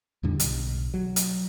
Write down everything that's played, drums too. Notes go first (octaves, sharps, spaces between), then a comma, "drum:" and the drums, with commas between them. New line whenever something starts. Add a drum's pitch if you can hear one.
E2 A2 D3 G3
B1, drum: hi-hat
F#3
drum: hi-hat